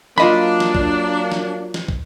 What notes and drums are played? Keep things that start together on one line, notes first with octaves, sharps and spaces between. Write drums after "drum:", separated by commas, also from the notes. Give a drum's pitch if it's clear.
F#3 A#3 D4 F4 D#5 B5, drum: snare
drum: snare
drum: kick
drum: snare
drum: snare
drum: kick